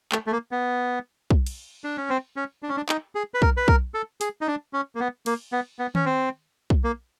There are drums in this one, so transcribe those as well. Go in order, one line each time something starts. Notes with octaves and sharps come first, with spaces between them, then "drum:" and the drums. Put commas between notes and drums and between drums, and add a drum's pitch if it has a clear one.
A3, drum: clap
A3
A#3
B3
drum: kick
drum: cymbal
D4
C#4
C4
C#4
D4
C#4
D4
D#4, drum: clap
G#4
B4
A#4, drum: kick
B4
A#4, drum: kick
A4
G#4, drum: hi-hat
D#4
D4
C#4
A#3
B3
A#3, drum: cymbal
B3
B3
C#4, drum: tom D#3
C4
drum: kick
A#3